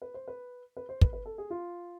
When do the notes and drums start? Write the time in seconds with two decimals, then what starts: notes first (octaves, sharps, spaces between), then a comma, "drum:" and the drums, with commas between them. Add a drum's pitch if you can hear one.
0.02 B4
0.14 C5
0.28 B4
0.77 B4
0.89 C5
1.01 B4, drum: kick
1.13 B4
1.26 A4
1.38 G#4
1.50 F4